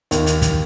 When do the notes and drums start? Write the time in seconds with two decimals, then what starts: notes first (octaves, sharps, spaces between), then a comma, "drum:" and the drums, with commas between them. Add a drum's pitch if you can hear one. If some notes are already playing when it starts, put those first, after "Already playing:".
0.11 D#2, drum: hi-hat
0.26 drum: hi-hat
0.42 drum: kick, hi-hat